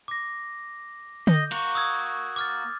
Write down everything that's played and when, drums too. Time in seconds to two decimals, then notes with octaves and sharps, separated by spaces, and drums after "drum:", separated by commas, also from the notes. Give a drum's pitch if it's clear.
0.08 D6 A#6
1.27 D#5 G6, drum: tom D3
1.51 A#3 F#4 C#6, drum: cymbal
1.75 D#6 E6 G#6
2.36 D6 F6 A6